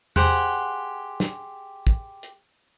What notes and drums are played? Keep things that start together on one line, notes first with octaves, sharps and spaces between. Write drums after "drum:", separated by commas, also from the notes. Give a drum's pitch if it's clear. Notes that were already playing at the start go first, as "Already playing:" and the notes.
G4 G#4 C5 F#5, drum: tom E2
drum: snare
drum: kick
drum: hi-hat